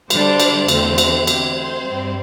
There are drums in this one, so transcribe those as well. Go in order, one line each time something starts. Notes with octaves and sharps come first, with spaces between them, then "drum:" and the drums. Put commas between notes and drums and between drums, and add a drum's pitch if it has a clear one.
D3 G3 D4 C5, drum: cymbal
drum: cymbal
E2 D3 A3 C4 C5, drum: cymbal
drum: cymbal
D3 C4 G4, drum: cymbal
C5
G2 G3 C4